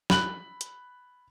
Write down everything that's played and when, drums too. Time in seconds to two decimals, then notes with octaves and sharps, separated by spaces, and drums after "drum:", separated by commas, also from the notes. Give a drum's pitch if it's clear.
0.10 B5 F#6 F#7, drum: snare
0.61 drum: hi-hat